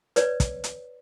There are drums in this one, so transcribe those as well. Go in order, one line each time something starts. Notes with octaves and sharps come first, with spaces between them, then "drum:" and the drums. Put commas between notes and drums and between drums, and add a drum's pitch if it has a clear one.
B4 C#5 D5, drum: hi-hat
drum: kick, hi-hat
drum: hi-hat